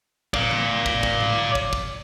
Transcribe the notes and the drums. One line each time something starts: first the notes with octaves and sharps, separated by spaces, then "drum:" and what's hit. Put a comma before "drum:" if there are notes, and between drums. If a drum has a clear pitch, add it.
D5 F5, drum: kick
drum: tom E3
drum: kick
drum: kick
drum: tom A#2
drum: kick
drum: kick